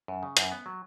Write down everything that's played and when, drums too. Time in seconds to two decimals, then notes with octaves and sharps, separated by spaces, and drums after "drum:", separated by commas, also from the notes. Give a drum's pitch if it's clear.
0.08 F#2
0.23 C#3
0.37 F#2, drum: hi-hat
0.52 B3
0.66 F#3